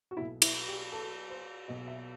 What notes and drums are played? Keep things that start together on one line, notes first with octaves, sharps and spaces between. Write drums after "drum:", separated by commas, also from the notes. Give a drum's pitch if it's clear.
F#4
B1 B2 E4
E4, drum: cymbal
G4
A4
C5
B1 B2 D#5
E5